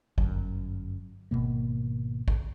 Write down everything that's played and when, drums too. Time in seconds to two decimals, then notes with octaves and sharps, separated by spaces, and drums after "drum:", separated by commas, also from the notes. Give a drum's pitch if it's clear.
0.18 G1 F#2, drum: kick
1.31 G#1 G#2 B2 A#3
2.28 drum: kick